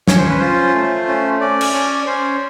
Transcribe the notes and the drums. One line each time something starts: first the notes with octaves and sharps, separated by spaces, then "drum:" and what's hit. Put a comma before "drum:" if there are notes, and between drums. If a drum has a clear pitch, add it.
C#4 C#5, drum: snare
C5
B4
F4 C5
A3
C#4
C#4 D5
drum: cymbal
C#4
C#4 C5